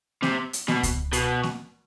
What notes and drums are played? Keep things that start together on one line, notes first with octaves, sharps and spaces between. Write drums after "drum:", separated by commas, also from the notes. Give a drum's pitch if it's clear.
C3, drum: snare A#3
drum: hi-hat
B2, drum: snare A#3
drum: kick C#2, hi-hat
B2, drum: hi-hat
drum: snare A#3